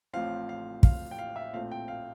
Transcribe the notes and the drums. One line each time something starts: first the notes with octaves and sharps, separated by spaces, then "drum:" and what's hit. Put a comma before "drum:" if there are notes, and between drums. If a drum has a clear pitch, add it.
A1 A2 F3 C4 F5
F5
F5, drum: kick
G5
F5
E5
A#1 A#2 A3 C4 F5
G5
F5